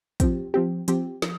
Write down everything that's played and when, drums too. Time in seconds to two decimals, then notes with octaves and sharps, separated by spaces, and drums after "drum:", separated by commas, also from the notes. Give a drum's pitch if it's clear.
0.20 F3 C4 G4, drum: kick, hi-hat
0.54 F3 C4 G4
0.88 F3 C4 G4, drum: hi-hat
1.22 F3, drum: snare